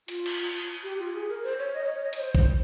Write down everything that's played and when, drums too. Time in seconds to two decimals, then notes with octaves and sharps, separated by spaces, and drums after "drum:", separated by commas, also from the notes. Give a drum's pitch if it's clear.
0.08 F4, drum: hi-hat
0.26 drum: cymbal
0.83 G4
0.99 F4
1.14 G#4
1.29 A#4
1.43 C5
1.59 C#5
1.74 D#5
1.84 C#5
1.94 C#5
2.04 D#5
2.13 C#5, drum: hi-hat
2.20 C5
2.35 C5, drum: kick